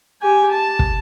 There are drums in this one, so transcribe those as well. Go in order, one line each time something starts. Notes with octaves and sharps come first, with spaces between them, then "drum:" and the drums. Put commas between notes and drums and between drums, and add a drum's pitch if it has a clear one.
G4 G#5
A5
drum: kick